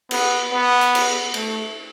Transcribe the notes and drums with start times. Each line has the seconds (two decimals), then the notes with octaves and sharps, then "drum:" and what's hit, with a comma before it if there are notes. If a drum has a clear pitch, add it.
0.11 B3, drum: cymbal
0.52 B3
0.81 drum: hi-hat
0.95 drum: cymbal
1.34 A3, drum: cymbal